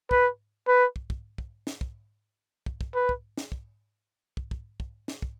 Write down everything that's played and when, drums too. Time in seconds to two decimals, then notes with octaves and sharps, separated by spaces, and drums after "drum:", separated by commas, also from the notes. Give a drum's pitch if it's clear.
0.11 B4, drum: kick
0.68 B4
0.96 drum: kick
1.10 drum: kick
1.38 drum: kick
1.67 drum: snare
1.81 drum: kick
2.66 drum: kick
2.81 drum: kick
2.95 B4
3.09 drum: kick
3.37 drum: snare
3.52 drum: kick
4.37 drum: kick
4.51 drum: kick
4.80 drum: kick
5.08 drum: snare
5.22 drum: kick